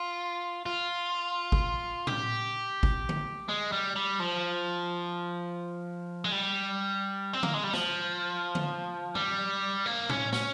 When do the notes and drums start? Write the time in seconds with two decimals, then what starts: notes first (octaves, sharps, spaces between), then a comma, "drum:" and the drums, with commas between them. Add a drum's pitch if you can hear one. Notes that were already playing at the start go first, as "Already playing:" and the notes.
Already playing: F4
0.66 F4
1.52 drum: kick
2.07 G4, drum: tom A2
2.83 drum: kick
3.09 drum: tom D3
3.49 G#3
3.72 G3
3.96 G3
4.20 F3
6.24 G#3
6.32 G3
7.33 C4
7.43 A#3, drum: tom D3
7.54 G#3
7.64 G3
7.73 F3, drum: snare
8.55 drum: tom D3
9.15 G3, drum: tom
9.86 A#3
10.09 C#4, drum: tom A2
10.33 C#4, drum: snare